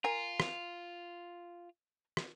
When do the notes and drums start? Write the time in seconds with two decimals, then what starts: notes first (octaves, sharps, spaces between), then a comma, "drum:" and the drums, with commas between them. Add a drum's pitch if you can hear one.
0.04 F4 A#4 G#5
0.40 drum: rim click
2.17 drum: rim click